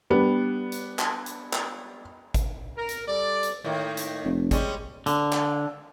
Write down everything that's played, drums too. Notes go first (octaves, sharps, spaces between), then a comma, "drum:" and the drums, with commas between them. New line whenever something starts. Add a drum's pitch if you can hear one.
G3 B3 D4
drum: hi-hat
drum: clap
drum: hi-hat
drum: clap
drum: kick, hi-hat
A#4
drum: hi-hat
G3 A4 D5
drum: hi-hat
A2 D#3 A#3
drum: hi-hat
F1
G3 G#3 C#4, drum: kick, hi-hat
D3, drum: hi-hat
drum: clap